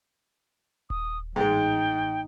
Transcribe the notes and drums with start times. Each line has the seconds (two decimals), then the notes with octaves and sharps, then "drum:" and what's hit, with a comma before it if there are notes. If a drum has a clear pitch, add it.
0.90 D#6, drum: kick D#1
1.36 A1 G#2 G#3 D#4 G5